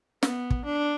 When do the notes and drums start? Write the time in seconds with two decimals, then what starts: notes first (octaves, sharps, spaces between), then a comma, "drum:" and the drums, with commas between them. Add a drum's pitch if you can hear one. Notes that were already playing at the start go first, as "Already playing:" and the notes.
0.23 B3, drum: snare
0.50 drum: kick
0.65 D4